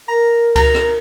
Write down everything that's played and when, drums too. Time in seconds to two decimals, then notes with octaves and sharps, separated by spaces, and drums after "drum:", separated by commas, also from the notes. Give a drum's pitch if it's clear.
0.08 A#4 A#5
0.56 A#5, drum: kick C#2, cymbal
0.75 drum: rim click